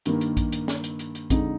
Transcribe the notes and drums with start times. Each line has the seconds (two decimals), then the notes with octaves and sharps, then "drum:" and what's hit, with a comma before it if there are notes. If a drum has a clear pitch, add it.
0.06 G2 D#3 A#3, drum: hi-hat
0.21 drum: hi-hat
0.37 drum: kick A#1, hi-hat
0.52 drum: hi-hat
0.68 drum: snare
0.84 drum: hi-hat
0.99 drum: hi-hat
1.15 drum: hi-hat
1.30 F2 D3 G#3 D#4, drum: kick A#1, hi-hat